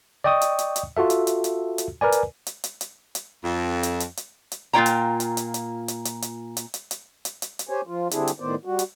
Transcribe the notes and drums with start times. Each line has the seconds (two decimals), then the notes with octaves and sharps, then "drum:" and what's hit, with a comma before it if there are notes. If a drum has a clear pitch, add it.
0.24 D5 D#5 G5 C#6 D#6
0.41 drum: hi-hat
0.59 drum: hi-hat
0.76 drum: hi-hat
0.97 F4 F#4 A4 E5
1.10 drum: hi-hat
1.27 drum: hi-hat
1.44 drum: hi-hat
1.78 drum: hi-hat
2.01 A#4 B4 D5 G#5
2.12 drum: hi-hat
2.47 drum: hi-hat
2.64 drum: hi-hat
2.81 drum: hi-hat
3.15 drum: hi-hat
3.43 F2
3.83 drum: hi-hat
4.00 drum: hi-hat
4.17 drum: hi-hat
4.52 drum: hi-hat
4.73 A#2 A#3 F4 C#5 G5 A#5
4.86 drum: hi-hat
5.20 drum: hi-hat
5.37 drum: hi-hat
5.54 drum: hi-hat
5.88 drum: hi-hat
6.05 drum: hi-hat
6.22 drum: hi-hat
6.57 drum: hi-hat
6.74 drum: hi-hat
6.91 drum: hi-hat
7.25 drum: hi-hat
7.42 drum: hi-hat
7.59 drum: hi-hat
7.69 G4 C5 C#5 G#5
7.87 F3 F4
8.11 D3 G3 C4 D4 E4 G#4, drum: hi-hat
8.27 drum: hi-hat
8.40 A2 D#3 B3 C5 D5
8.65 G3 F#4
8.79 drum: hi-hat